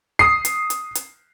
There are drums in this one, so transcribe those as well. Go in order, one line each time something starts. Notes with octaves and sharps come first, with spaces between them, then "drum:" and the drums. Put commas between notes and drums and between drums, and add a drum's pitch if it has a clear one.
D#6 C7
drum: hi-hat
drum: hi-hat
drum: hi-hat